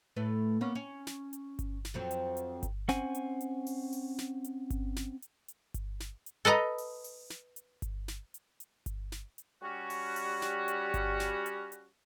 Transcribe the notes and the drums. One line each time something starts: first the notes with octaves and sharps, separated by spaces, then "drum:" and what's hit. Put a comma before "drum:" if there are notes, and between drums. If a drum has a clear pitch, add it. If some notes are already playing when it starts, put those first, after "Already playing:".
A2 A3 B4
A#3 B3 C#4
C#4
drum: snare
drum: hi-hat
drum: kick G1, hi-hat
drum: snare
F2 F#3 C4
drum: hi-hat
drum: hi-hat
drum: kick G1, hi-hat
C4 C#4 C5 F#5 G#5, drum: snare
drum: hi-hat
drum: hi-hat
drum: open hi-hat
drum: open hi-hat
drum: snare
drum: hi-hat
drum: kick G1, hi-hat
drum: snare
drum: hi-hat
drum: hi-hat
drum: kick G1, hi-hat
drum: snare
drum: hi-hat
A4 B4 D#5 A#5
drum: open hi-hat
drum: open hi-hat
drum: snare
drum: hi-hat
drum: kick G1, hi-hat
drum: snare
drum: hi-hat
drum: hi-hat
drum: kick G1, hi-hat
drum: snare
drum: hi-hat
G3 C#4 F#4
drum: open hi-hat
drum: open hi-hat
drum: snare
drum: hi-hat
drum: kick G1, hi-hat
drum: snare
drum: hi-hat
drum: hi-hat